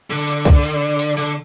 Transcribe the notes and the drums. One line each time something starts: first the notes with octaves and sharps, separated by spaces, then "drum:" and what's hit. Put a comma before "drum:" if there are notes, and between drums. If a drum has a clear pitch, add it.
D3
drum: hi-hat
drum: kick
drum: hi-hat
drum: hi-hat
D3